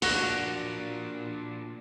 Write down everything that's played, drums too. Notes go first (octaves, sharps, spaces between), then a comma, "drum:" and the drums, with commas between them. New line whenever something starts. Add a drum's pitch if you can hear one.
A#2 D4 F#4 F#6 A#6, drum: open hi-hat